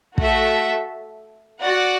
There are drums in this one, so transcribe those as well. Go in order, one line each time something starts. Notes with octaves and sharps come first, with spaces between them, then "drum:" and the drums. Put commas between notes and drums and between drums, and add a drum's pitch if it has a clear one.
A3 F#4 A4 E5, drum: kick
F#4 D5 F#5